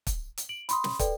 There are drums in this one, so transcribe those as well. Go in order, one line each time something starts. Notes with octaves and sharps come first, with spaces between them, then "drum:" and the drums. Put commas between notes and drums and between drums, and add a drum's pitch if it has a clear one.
drum: kick, hi-hat
drum: hi-hat
D7 F#7
B5 C6 D#6, drum: hi-hat
drum: snare
A4 B4 D5 G5, drum: kick, hi-hat